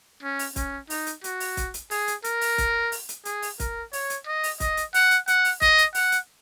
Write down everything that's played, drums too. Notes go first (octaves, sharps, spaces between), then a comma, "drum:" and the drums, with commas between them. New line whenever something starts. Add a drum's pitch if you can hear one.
C#4
drum: open hi-hat
C#4, drum: kick, hi-hat
D#4, drum: open hi-hat
drum: hi-hat
F#4, drum: hi-hat
drum: open hi-hat
drum: kick, hi-hat
drum: hi-hat
G#4, drum: open hi-hat
drum: hi-hat
A#4, drum: hi-hat
drum: open hi-hat
drum: kick, hi-hat
drum: open hi-hat
drum: hi-hat
G#4, drum: hi-hat
drum: open hi-hat
A#4, drum: kick, hi-hat
C#5, drum: open hi-hat
drum: hi-hat
D#5
drum: open hi-hat
D#5, drum: kick, hi-hat
drum: hi-hat
F#5, drum: open hi-hat
drum: hi-hat
F#5, drum: hi-hat
drum: open hi-hat
D#5, drum: kick, hi-hat
drum: hi-hat
F#5, drum: open hi-hat
drum: hi-hat